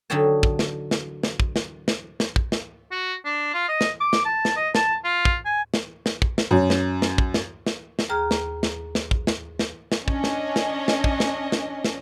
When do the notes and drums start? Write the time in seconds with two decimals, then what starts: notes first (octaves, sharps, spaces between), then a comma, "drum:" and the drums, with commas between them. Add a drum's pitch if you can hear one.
0.10 D3 F#3 D#4 C#5 G5 A5
0.43 drum: kick
0.59 drum: snare
0.91 drum: snare
1.23 drum: snare
1.40 drum: kick
1.56 drum: snare
1.88 drum: snare
2.20 drum: snare
2.36 drum: kick
2.52 drum: snare
2.91 F#4
3.25 D4
3.54 F4
3.68 D#5
3.81 drum: snare
4.00 D6
4.13 drum: snare
4.25 A5
4.45 drum: snare
4.57 D#5
4.75 A5, drum: snare
5.04 F4
5.25 drum: kick
5.45 G#5
5.74 drum: snare
6.06 drum: snare
6.22 drum: kick
6.38 drum: snare
6.51 F#2
6.70 drum: snare
7.02 drum: snare
7.18 drum: kick
7.34 drum: snare
7.67 drum: snare
7.99 drum: snare
8.09 D#2 G#4 A#5 F6
8.31 drum: snare
8.63 drum: snare
8.95 drum: snare
9.11 drum: kick
9.27 drum: snare
9.59 drum: snare
9.92 drum: snare
10.08 C#4 D4 D#5, drum: kick
10.24 drum: snare
10.56 drum: snare
10.88 drum: snare
11.04 drum: kick
11.20 drum: snare
11.52 drum: snare
11.84 drum: snare